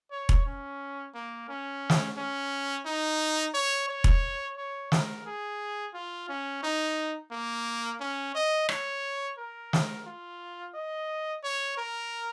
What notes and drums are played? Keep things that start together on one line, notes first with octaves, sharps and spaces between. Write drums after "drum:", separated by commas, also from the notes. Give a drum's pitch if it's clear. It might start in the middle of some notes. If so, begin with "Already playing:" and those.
C#5
drum: kick E1
C#4
A#3
C#4
drum: snare
C#4
D#4
C#5
C#5
drum: kick E1
C#5
A#4, drum: snare
G#4
F4
C#4
D#4
A#3
C#4
D#5
C#5, drum: rim click
A#4
drum: snare
F4
D#5
C#5
A#4